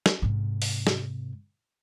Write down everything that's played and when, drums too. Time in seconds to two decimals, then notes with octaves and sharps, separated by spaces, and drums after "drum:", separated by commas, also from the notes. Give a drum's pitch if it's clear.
0.06 drum: snare
0.22 G#2 C3
0.62 drum: open hi-hat
0.87 drum: snare